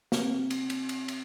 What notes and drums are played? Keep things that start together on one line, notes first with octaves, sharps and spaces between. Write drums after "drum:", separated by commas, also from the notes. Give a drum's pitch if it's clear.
C3, drum: snare
drum: cymbal
drum: cymbal
drum: cymbal
drum: cymbal